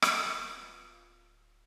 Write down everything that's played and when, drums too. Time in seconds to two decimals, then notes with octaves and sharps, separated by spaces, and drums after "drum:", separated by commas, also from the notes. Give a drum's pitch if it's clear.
0.02 drum: rim click
0.19 D1 B3 F4